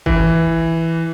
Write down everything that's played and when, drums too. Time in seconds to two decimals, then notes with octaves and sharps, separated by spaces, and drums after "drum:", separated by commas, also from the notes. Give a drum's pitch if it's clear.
0.06 E3, drum: kick G1